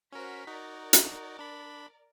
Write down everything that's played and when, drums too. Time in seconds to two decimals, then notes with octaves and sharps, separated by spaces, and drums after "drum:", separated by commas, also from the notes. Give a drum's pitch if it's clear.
0.12 C#4 F#4 A#4 C5 B6
0.47 D#4 F#4 A#4 D5
0.93 drum: hi-hat
1.39 D4 B5